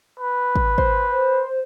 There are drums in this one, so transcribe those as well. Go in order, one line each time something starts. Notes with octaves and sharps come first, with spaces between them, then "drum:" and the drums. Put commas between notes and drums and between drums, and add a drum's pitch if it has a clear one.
B4
drum: kick
C5, drum: kick